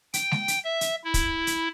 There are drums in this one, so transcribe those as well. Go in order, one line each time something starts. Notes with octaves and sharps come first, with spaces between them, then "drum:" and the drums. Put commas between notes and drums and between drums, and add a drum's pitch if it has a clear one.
G5, drum: hi-hat
drum: snare G#3
drum: hi-hat
E5
drum: hi-hat
E4
drum: kick, hi-hat
drum: hi-hat